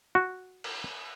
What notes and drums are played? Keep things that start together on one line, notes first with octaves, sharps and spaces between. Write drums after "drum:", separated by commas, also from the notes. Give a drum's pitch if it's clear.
F#4
drum: cymbal